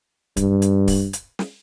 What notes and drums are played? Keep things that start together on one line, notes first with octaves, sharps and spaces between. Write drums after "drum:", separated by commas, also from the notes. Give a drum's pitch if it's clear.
G2, drum: kick D1, hi-hat
drum: hi-hat
drum: kick D1, open hi-hat
drum: hi-hat
drum: snare